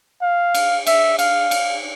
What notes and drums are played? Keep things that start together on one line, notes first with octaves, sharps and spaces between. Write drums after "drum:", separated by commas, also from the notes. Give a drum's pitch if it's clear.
F5
drum: cymbal
E5, drum: cymbal
F5, drum: cymbal
drum: cymbal